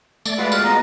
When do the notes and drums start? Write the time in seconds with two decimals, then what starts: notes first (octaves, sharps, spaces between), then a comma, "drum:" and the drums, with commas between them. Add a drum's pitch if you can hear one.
0.26 A3 D5, drum: tambourine
0.38 G#3 F4 F#4 B4
0.52 F5, drum: tambourine
0.64 B3 D#5 A#5